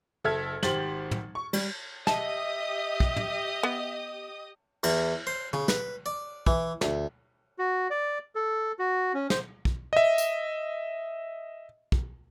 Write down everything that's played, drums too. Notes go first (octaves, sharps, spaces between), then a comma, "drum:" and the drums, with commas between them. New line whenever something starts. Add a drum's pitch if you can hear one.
F#1 A4 E5 F6 G#6
G#1 G4 C5 A6 F#7, drum: snare
drum: tom
C#6
G3, drum: cymbal
G4 D#5 E5 A5 D#6, drum: snare
drum: kick
drum: tom
B3
E2, drum: cymbal
C5
C#3, drum: tom
B4, drum: snare
D5
E3, drum: kick
D2, drum: snare
F#4
D5
A4
F#4
C#4
C5, drum: snare
drum: kick
D#5 E5
drum: tambourine
drum: kick